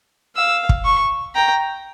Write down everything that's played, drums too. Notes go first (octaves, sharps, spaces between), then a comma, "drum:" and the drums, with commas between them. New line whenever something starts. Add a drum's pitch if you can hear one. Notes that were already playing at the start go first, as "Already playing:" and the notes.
F5 E6
drum: kick
C#6
G5 A#5